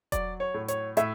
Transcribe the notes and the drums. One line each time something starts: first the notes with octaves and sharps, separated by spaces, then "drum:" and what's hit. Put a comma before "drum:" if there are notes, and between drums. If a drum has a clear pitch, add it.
F#3 D5, drum: kick E1, hi-hat
C#5
A2
C#5, drum: hi-hat
A2 E5, drum: hi-hat